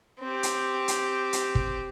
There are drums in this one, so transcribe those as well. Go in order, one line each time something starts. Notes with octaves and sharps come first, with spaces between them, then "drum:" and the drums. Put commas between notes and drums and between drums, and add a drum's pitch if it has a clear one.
C4 G4
drum: hi-hat
drum: hi-hat
drum: hi-hat
drum: kick